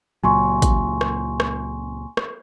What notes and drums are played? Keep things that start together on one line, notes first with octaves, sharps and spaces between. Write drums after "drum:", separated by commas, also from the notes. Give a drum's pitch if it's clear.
C#2 A#2 F#3 G#5 C6 C#6
drum: kick, hi-hat
drum: rim click
drum: rim click
drum: rim click